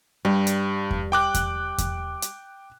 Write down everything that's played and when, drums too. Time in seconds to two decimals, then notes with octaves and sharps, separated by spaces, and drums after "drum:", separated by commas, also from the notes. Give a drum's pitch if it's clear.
0.25 G2 G3
0.47 drum: hi-hat
0.91 drum: kick E2
1.12 G5 D6 F#6
1.34 drum: kick E2, hi-hat
1.78 drum: kick E2, hi-hat
2.22 drum: hi-hat